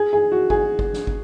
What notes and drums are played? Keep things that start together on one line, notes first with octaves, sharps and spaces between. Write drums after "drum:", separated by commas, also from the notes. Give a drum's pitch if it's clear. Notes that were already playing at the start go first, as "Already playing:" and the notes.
Already playing: G#4
G#4
F#4
G#4, drum: kick
drum: kick
drum: snare
drum: kick